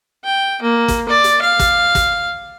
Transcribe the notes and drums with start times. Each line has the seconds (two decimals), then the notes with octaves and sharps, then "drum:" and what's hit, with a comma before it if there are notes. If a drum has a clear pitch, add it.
0.24 G5
0.62 A#3
0.88 drum: kick, hi-hat
1.09 D5
1.24 drum: hi-hat
1.42 F5
1.59 drum: kick, hi-hat
1.95 drum: kick, hi-hat